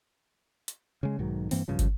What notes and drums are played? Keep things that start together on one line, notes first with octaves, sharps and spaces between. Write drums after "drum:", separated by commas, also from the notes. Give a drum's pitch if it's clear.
drum: hi-hat
C#3 G#3
B1 G#2 D#3 F#3
G2 E3 A#3 C4, drum: open hi-hat
B1 G2 C#3 F3
drum: kick, hi-hat